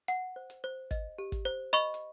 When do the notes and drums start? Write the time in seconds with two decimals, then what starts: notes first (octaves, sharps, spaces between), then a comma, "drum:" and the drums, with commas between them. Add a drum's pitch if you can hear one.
0.08 F#5, drum: hi-hat
0.36 C5
0.50 drum: hi-hat
0.64 C5
0.91 D#5, drum: kick, hi-hat
1.18 G4
1.32 drum: kick, hi-hat
1.45 C5
1.73 D#5 B5 C#6, drum: hi-hat
1.94 drum: hi-hat